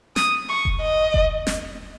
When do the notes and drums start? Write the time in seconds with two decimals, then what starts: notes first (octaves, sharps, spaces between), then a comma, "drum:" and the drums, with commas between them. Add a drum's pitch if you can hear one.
0.16 D#6, drum: snare
0.49 C#6
0.65 drum: kick F1
0.81 D#5
1.14 drum: kick F1
1.47 drum: snare